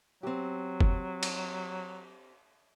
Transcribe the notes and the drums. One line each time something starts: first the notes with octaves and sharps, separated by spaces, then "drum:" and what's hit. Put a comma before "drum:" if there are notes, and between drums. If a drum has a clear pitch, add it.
F#3 C4 G4
drum: kick
drum: cymbal